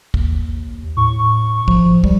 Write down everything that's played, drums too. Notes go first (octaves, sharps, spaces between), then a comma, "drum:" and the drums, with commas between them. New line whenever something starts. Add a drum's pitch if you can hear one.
D#2, drum: kick
A2 C#6
F3, drum: kick
D2 G3, drum: kick